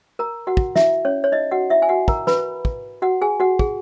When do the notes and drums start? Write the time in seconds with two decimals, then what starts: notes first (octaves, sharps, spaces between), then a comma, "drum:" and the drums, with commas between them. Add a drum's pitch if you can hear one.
0.19 A#4 A#5
0.47 F#4 F#5
0.57 drum: kick
0.76 E4 E5, drum: snare
1.05 C#4 C#5
1.24 C#5
1.32 D#4 D#5
1.52 F#4 F#5
1.70 E4 E5
1.82 G#5
1.89 F#4 F#5
2.08 A#4 A#5, drum: kick
2.27 B4 B5, drum: snare
2.65 drum: kick
3.02 F#4 F#5
3.21 G#4 G#5
3.40 F#4 F#5
3.59 G#4, drum: kick